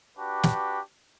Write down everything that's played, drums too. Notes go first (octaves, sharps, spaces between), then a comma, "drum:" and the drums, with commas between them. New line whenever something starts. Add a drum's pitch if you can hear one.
D4 F#4 G4 B4
drum: snare